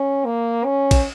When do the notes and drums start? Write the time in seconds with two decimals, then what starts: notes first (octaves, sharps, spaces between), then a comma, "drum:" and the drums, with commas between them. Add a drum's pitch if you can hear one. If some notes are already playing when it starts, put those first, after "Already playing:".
Already playing: C#4
0.26 A#3
0.65 C#4
0.91 drum: kick, cymbal